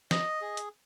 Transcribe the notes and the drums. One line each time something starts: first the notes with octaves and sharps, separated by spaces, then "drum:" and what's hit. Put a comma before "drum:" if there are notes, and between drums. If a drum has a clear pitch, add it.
D#5, drum: snare
G#4
drum: hi-hat